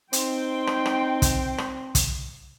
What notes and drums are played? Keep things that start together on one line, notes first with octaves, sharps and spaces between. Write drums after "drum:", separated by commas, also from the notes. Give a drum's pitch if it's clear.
C4 D#4 G5 C6, drum: hi-hat
drum: rim click
drum: rim click
drum: kick, hi-hat
drum: rim click
drum: kick, hi-hat